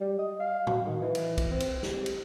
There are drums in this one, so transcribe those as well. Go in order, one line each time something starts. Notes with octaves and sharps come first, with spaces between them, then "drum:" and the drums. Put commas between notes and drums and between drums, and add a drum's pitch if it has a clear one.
G3
D#5
F5
F#4, drum: tom A2
D#3
E3
drum: cymbal
drum: kick, cymbal
C4
drum: cymbal
G4, drum: snare
drum: cymbal